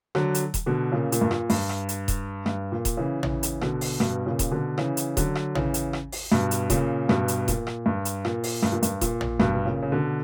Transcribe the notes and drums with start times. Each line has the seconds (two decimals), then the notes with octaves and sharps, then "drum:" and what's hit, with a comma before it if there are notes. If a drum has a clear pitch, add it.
0.15 D3 F#3, drum: rim click
0.34 drum: hi-hat
0.54 drum: kick D#1, hi-hat
0.66 B2 D3
0.92 A#2 C#3
1.12 A#2, drum: hi-hat
1.21 G2
1.31 A#2, drum: rim click
1.50 G2, drum: open hi-hat
1.69 drum: rim click
1.89 drum: hi-hat
2.08 drum: kick D#1, hi-hat
2.46 G2, drum: rim click
2.72 A#2
2.85 drum: kick D#1, hi-hat
2.97 C#3 E3
3.23 C#3 E3, drum: tom
3.43 drum: hi-hat
3.61 B2 D3, drum: rim click
3.81 drum: open hi-hat
4.00 G2 B2, drum: rim click
4.26 A#2 C#3
4.39 drum: kick D#1, hi-hat
4.51 B2 D3
4.78 C#3 E3, drum: rim click
4.97 drum: hi-hat
5.17 D3 F#3, drum: kick D#1, hi-hat
5.35 drum: rim click
5.55 C#3 E3, drum: tom
5.74 drum: hi-hat
5.93 drum: rim click
6.12 drum: open hi-hat
6.32 G2 B2, drum: rim click
6.51 drum: hi-hat
6.70 A#2 C#3, drum: kick D#1, hi-hat
7.09 G2 B2, drum: rim click
7.28 drum: hi-hat
7.48 A#2, drum: kick D#1, hi-hat
7.67 drum: rim click
7.86 G2
8.05 drum: hi-hat
8.25 A#2, drum: rim click
8.44 drum: open hi-hat
8.63 G2, drum: rim click
8.72 A#2
8.83 G2, drum: hi-hat
9.01 A#2, drum: kick D#1, hi-hat
9.21 drum: tom
9.40 G2 B2, drum: rim click
9.55 B2
9.65 A#2 C#3
9.83 C#3
9.92 B2 D3